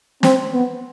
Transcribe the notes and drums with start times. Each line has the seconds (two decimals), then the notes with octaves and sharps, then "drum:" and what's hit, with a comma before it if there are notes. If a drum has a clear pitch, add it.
0.23 C4, drum: snare
0.53 B3